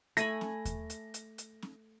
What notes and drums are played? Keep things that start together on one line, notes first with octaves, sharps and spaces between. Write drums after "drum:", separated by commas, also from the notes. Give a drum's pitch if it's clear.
A3 G#5 B5 A#6, drum: hi-hat
drum: snare
drum: kick D#2, hi-hat
drum: hi-hat
drum: hi-hat
drum: hi-hat
drum: snare